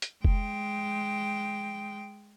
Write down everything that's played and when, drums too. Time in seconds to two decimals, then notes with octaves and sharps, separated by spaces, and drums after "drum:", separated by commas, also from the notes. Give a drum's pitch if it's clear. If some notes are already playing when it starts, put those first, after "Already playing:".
0.02 drum: hi-hat
0.25 G#3 G5, drum: kick F1